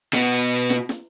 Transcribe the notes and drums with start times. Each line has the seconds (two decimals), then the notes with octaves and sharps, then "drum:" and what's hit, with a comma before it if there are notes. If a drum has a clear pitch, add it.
0.13 B2 B3, drum: snare
0.32 drum: hi-hat
0.70 drum: snare
0.89 drum: snare